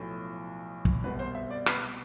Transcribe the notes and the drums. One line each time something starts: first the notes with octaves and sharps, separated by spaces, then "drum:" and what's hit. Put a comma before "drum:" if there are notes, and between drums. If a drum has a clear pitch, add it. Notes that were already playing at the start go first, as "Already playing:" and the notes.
Already playing: B1 A2 F3
drum: kick
C2 B2 B4
C5
E5
D5
B4, drum: rim click